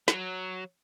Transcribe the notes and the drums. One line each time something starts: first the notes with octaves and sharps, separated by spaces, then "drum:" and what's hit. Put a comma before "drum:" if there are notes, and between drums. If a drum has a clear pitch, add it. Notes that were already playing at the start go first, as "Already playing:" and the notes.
F#3, drum: snare